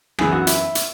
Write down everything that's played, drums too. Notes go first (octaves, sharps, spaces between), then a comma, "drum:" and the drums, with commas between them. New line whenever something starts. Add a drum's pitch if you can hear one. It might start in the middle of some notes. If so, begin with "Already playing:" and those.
F#2 E3 B3 G#4, drum: rim click
F#4
E4, drum: hi-hat
drum: hi-hat